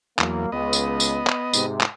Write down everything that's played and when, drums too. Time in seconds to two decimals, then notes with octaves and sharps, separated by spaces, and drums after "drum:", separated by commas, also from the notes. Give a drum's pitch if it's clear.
0.19 E2 F#3 A#3, drum: clap
0.52 C#2 B3 D#5
0.73 drum: tambourine
1.00 drum: tambourine
1.27 drum: clap
1.53 G#2 C3, drum: tambourine
1.81 drum: clap